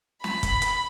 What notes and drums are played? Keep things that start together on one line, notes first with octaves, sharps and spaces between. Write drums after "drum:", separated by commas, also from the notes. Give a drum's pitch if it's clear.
B5, drum: snare
drum: kick, hi-hat
drum: hi-hat